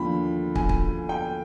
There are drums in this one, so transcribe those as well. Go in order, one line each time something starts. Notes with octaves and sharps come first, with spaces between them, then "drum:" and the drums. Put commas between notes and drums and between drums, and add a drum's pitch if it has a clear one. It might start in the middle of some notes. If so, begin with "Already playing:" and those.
Already playing: D#2 D3 F3 B5
G#5, drum: kick
drum: kick
G5